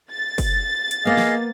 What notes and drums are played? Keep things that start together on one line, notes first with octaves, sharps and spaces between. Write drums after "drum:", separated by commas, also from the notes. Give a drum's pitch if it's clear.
A6
drum: kick, open hi-hat
drum: hi-hat
A#3 B3 G#4 D#5 F5
drum: snare